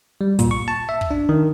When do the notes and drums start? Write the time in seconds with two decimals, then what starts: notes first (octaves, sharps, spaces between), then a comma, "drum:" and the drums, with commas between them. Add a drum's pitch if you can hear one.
0.21 G3
0.39 A#2, drum: kick, hi-hat
0.51 C#6
0.68 A5
0.89 E5
1.01 drum: kick
1.11 D4
1.29 D#3